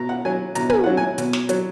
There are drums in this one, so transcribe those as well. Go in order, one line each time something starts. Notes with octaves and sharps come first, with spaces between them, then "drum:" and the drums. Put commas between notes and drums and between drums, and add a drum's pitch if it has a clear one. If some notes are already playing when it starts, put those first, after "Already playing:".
Already playing: B2 A#5
F#5
F#3 G#5
B2 A#5, drum: hi-hat
G#5, drum: tom
F#3 F#5
G#5
B2, drum: hi-hat
drum: snare
F#3, drum: hi-hat